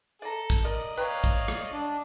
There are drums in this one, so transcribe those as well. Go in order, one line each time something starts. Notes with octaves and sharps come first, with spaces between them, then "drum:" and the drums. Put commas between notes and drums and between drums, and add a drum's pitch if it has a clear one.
A4 D5 A#5
drum: kick
A#4 D5 D#5
B4 C#5 F5 G5 A#5
drum: kick
drum: rim click
D4